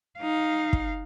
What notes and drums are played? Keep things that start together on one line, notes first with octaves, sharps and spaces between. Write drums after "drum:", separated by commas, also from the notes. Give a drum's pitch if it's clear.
D#4 F5
drum: kick